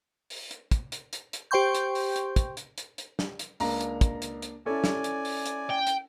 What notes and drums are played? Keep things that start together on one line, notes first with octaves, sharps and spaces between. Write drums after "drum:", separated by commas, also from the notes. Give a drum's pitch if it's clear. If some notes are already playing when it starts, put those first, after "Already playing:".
drum: open hi-hat
drum: hi-hat
drum: kick, hi-hat
drum: hi-hat
drum: hi-hat
drum: hi-hat
G4 C5 G5 C6 C#6 G6
drum: hi-hat
drum: open hi-hat
drum: hi-hat
drum: kick, hi-hat
drum: hi-hat
drum: hi-hat
drum: hi-hat
drum: snare
drum: hi-hat
C#2 A#3 D4 A#5, drum: open hi-hat
drum: hi-hat
drum: kick, hi-hat
drum: hi-hat
drum: hi-hat
C#4 E4 A4 D5 G#5
drum: snare
drum: hi-hat
drum: open hi-hat
drum: hi-hat
G5
drum: hi-hat